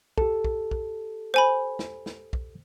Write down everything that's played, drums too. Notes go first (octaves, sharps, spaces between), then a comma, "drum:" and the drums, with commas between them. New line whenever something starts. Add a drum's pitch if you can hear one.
G4 A4, drum: kick
drum: kick
drum: kick
C5 G#5 B5
drum: snare
drum: snare
drum: kick